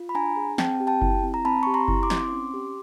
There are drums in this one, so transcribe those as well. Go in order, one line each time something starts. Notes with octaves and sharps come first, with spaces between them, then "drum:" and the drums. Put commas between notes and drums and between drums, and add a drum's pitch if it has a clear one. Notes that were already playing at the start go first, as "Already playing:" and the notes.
Already playing: F4
B5
D4 G#5 A#5
G#4
C4 G5 A5, drum: snare
G4
G5 A5
E4, drum: kick F#1
C4
A#5
C4 A5 B5
G4 C#6
A#5 C6
E4, drum: kick F#1
C6 D6
C4, drum: snare
C#4
G4